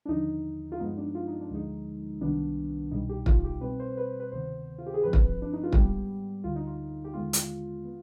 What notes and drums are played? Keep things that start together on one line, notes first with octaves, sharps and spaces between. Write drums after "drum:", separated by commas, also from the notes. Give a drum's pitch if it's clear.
D4
D#2 D3 F3 D#4
F4
G2 F3 G#3 B3 D#4
D4
F4
D#4
D4
D2 D3 F3 G#3 D#4
C2 C3 D#3 G3 B3 D4
C2 B2 G3 D#4
G4
F4, drum: kick
G4
B2 G3 C4 B4
C5
B4
B4
D2 C3 D#3 B3 C5
F4
G4
G#4
G2 F3 C4 B4
drum: kick
D4
D#4
F4
G#2 G3 B3 G4, drum: kick
D2 D3 G3 F4
D#4
F4
G4
D#2 D3 G#3 B3 F4
drum: hi-hat
B3